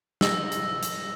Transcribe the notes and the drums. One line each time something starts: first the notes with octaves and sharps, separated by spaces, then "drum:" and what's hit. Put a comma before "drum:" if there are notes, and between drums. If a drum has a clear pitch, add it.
E6 A#6, drum: snare
drum: hi-hat
drum: hi-hat